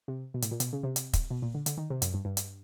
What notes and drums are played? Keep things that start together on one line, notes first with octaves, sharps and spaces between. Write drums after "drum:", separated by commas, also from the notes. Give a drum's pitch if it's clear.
C3
B2
A2, drum: hi-hat
A#2
B2, drum: hi-hat
C#3
C3
drum: hi-hat
drum: kick, hi-hat
B2
A#2
D3
D3, drum: hi-hat
D#3
C3
F#2, drum: hi-hat
G2
G2
drum: hi-hat